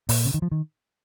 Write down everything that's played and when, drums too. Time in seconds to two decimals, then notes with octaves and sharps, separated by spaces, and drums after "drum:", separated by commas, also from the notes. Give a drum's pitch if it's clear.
0.09 A#2, drum: open hi-hat
0.25 C#3
0.34 D#3
0.42 F3
0.51 D#3